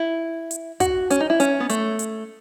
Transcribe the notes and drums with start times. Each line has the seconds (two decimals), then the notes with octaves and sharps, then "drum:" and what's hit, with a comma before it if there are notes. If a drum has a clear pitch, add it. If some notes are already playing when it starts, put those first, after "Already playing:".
Already playing: E4
0.51 drum: hi-hat
0.80 F#4, drum: kick, hi-hat
1.10 C#4, drum: hi-hat
1.20 D#4
1.30 E4
1.40 C#4, drum: hi-hat
1.60 B3
1.69 A3, drum: hi-hat
1.99 drum: hi-hat